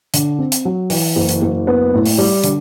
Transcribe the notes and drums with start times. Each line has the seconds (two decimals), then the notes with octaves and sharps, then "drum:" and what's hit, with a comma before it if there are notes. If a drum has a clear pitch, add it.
0.14 D3, drum: hi-hat
0.39 C4
0.52 drum: hi-hat
0.65 F#3
0.90 E3, drum: open hi-hat
1.16 F#1
1.29 drum: hi-hat
1.42 F#1
1.67 B3
1.93 A2
2.06 drum: open hi-hat
2.18 G3
2.44 D3, drum: hi-hat